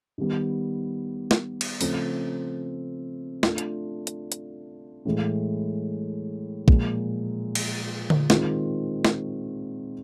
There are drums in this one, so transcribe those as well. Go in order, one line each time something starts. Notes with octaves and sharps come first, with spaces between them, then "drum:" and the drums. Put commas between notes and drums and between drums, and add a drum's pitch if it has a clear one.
D#3 G3 B3
drum: snare
drum: cymbal
C#3 F3 A3 C4, drum: open hi-hat
A3 D4 F4, drum: snare
drum: hi-hat
drum: hi-hat
drum: hi-hat
A2 E3 G#3
A#2 F3 G#3, drum: kick
drum: cymbal
drum: tom D3
D#3 G#3 C4 F4, drum: snare
drum: snare